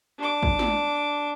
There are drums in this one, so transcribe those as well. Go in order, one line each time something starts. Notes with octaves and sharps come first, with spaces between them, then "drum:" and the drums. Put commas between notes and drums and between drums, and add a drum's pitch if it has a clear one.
D4 D6
drum: kick
drum: snare